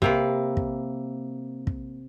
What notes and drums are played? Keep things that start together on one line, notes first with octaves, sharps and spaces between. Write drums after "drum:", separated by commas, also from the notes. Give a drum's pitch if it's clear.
C3 A#3 B4, drum: kick
drum: kick
drum: kick